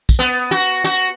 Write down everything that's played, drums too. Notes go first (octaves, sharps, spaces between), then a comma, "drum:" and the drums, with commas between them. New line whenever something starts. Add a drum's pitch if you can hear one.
drum: kick, tambourine
B3
F#4
F#4, drum: tambourine